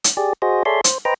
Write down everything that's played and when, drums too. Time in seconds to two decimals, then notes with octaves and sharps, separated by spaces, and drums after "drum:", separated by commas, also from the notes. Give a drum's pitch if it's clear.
0.04 drum: hi-hat
0.17 G4 G#4 D5
0.42 F#4 G#4 C5 D#5
0.65 G#4 A4 C#5 D5 E5 C6
0.84 C5, drum: hi-hat
1.05 B4 C5 D#5 G5 A#5